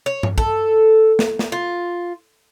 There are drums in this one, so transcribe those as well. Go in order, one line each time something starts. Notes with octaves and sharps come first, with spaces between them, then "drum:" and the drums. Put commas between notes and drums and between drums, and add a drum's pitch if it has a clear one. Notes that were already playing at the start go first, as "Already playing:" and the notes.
C#5
drum: tom G2
A4, drum: kick
drum: snare
drum: snare
F4